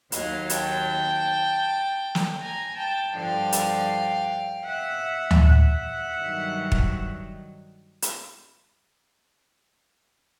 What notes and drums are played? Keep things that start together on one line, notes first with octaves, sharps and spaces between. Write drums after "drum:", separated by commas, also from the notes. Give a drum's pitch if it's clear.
D#2 D#3 F#3 D#5 F5, drum: hi-hat
G5 A5, drum: hi-hat
drum: snare
G#5 A#5
G5 A5
G2 D3 F3 F5 G5
drum: hi-hat
E5 F#5
drum: tom D2
E5 F#5
G2 D#3 F#3
drum: kick
drum: hi-hat